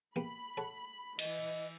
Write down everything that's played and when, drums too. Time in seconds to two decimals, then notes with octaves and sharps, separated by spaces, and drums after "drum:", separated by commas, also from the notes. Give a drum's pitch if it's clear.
0.16 A#3 B3 G4 B5
0.57 A4 C#5 F#5
1.19 E3 D#5, drum: cymbal